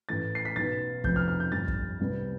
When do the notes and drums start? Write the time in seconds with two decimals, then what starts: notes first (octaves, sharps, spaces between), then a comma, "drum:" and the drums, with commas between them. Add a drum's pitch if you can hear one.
0.09 A1 A2 E3 A3 A6
0.35 C7
0.45 B6
0.56 B1 B2 B3 A6
1.04 F1 F2 C3 F3 B3 G6, drum: kick
1.16 F6
1.28 F6
1.40 G6
1.52 G1 F2 D3 G3 A6
1.68 drum: kick
2.00 C2 C3 G3 B3